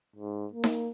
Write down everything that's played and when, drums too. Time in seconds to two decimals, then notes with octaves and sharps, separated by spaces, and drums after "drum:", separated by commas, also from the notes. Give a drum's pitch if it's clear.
0.16 G#2
0.52 A#3
0.64 drum: snare D#4